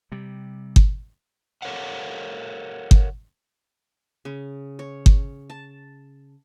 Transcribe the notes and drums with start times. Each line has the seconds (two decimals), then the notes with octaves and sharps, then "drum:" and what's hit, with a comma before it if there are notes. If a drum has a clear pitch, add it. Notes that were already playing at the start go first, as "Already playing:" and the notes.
0.12 C3 G3
0.76 drum: kick G1
1.62 G4 A4 A#4 C#5 F5 F#5
2.91 drum: kick G1
4.25 C#3
4.79 C#5
5.06 drum: kick G1
5.50 A5